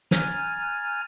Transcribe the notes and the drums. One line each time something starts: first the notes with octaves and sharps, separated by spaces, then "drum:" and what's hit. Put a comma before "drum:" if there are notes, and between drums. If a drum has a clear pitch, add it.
G#5 A#5 F6 F#6 G#6 A6, drum: snare